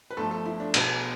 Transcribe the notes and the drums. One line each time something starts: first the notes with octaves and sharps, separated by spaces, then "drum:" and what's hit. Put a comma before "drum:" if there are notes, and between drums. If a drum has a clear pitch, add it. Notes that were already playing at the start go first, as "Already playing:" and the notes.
B4
G1 G2 F3 A3 A4
A4
E4
D4
B1 B2 B3, drum: cymbal